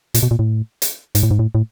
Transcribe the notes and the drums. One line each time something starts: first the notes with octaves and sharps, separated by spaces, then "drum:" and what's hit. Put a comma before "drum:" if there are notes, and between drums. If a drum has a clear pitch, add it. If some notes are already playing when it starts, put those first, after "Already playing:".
A#2, drum: hi-hat
B2
A#2
A2
drum: hi-hat
G#2, drum: hi-hat
A2
G#2
A2
A2